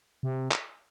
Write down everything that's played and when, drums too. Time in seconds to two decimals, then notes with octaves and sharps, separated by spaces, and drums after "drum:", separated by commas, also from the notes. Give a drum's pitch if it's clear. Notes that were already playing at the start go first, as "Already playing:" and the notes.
0.23 C3
0.51 drum: clap